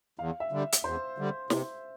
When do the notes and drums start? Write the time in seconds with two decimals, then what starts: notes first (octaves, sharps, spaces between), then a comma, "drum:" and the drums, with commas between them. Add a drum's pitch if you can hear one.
0.19 E2 F5
0.40 E5
0.52 D3 G3
0.72 drum: hi-hat
0.84 E2 C5
1.18 D3 G3
1.50 C3, drum: snare